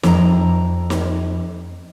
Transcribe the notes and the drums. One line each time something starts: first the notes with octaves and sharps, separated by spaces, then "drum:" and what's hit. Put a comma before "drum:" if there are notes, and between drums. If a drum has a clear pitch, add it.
F2 A#5, drum: snare
drum: snare